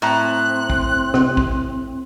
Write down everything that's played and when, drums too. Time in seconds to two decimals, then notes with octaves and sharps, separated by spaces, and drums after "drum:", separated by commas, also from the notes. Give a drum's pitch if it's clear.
0.02 A2 C4 A#5 F#6
0.70 drum: kick
1.14 C3, drum: rim click
1.37 drum: kick